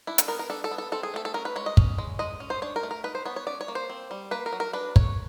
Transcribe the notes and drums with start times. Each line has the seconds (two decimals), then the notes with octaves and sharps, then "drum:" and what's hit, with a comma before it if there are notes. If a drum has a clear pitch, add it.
0.07 D4 E4
0.18 A4, drum: hi-hat
0.28 B3 A#4
0.39 A#4
0.50 D4 A4
0.64 A4
0.71 B3
0.78 A4
0.92 C4 A4
1.03 G#4
1.14 A3 A4
1.25 A4
1.34 C#4 A#4
1.45 B4
1.56 G#3 C#5
1.66 D#5
1.77 C#4, drum: kick
1.98 G#3
2.19 G#3 D#5
2.40 C#4
2.50 C5
2.62 D4 C#5
2.76 A#4
2.83 A3
2.91 A#4
3.04 D#4 B4
3.15 C5
3.25 B3 C#5
3.36 C#5
3.47 C#4 D5
3.61 C#5
3.68 A#3
3.75 C5
3.90 C4
4.11 G3
4.31 A#3 B4
4.46 A#4
4.53 F#3
4.60 A#4
4.73 D4 B4
4.96 A3 C#5, drum: kick